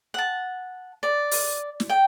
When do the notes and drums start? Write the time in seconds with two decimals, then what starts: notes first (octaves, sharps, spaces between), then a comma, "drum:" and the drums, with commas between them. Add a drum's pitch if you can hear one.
0.14 F#5 A5
1.03 D5
1.31 drum: open hi-hat
1.80 drum: snare
1.90 G5